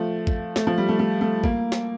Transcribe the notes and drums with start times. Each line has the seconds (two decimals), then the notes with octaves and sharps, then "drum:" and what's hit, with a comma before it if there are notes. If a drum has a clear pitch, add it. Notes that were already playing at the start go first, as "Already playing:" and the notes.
Already playing: F3 A3
0.27 drum: kick
0.56 A3, drum: snare
0.67 F3
0.78 G3
0.89 A3
0.99 A3
1.21 A3
1.44 A#3, drum: kick
1.72 drum: snare